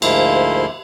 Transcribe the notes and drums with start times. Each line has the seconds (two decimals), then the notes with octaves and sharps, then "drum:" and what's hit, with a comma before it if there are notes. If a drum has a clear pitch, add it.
0.02 D2 G#2 F3 A#3 E4 C6, drum: cymbal